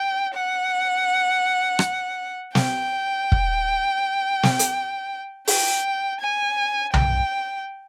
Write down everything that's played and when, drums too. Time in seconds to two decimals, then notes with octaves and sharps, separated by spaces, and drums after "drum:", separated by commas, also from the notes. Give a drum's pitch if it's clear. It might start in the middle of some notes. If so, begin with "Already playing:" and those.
Already playing: G5
0.35 F#5
1.79 drum: rim click
2.55 G5, drum: snare
3.32 drum: kick
4.43 drum: snare
4.59 drum: hi-hat
5.47 G5, drum: open hi-hat
6.21 G#5
6.94 G5, drum: tom B1